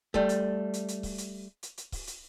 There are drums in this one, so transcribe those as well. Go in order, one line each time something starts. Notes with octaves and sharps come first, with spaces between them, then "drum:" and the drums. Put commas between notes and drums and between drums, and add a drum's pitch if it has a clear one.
G3 A3, drum: kick C#1
drum: hi-hat
drum: hi-hat
drum: hi-hat
drum: kick C#1, open hi-hat
drum: hi-hat
drum: hi-hat
drum: hi-hat
drum: kick C#1, open hi-hat
drum: hi-hat